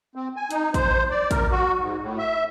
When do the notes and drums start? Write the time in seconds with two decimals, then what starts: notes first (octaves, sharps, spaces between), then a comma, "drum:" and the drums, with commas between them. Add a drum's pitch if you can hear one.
0.15 C4
0.36 G#5
0.51 D#4, drum: hi-hat
0.74 C5, drum: kick, hi-hat
1.11 D5
1.31 A#4, drum: kick, hi-hat
1.51 F#4
1.81 G#2
2.01 A2
2.18 E5